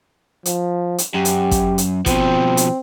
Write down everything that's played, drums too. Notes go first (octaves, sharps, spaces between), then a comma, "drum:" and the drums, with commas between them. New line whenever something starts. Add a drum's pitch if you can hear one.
F3, drum: hi-hat
drum: hi-hat
F#2 G4
drum: hi-hat
drum: kick, hi-hat
drum: hi-hat
B2 F3 C4, drum: kick, hi-hat
drum: hi-hat